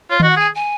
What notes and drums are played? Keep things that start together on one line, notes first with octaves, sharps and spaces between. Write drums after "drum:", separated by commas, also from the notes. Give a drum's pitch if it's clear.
F4 C#5
F#4 D#5, drum: tom D#3
F#5
G#4 G#5
G#5